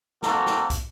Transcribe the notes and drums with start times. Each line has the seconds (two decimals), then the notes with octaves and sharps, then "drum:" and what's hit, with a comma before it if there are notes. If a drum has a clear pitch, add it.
0.23 A#3 C4 F#4 A4 A#5, drum: snare
0.46 drum: snare
0.70 drum: kick, hi-hat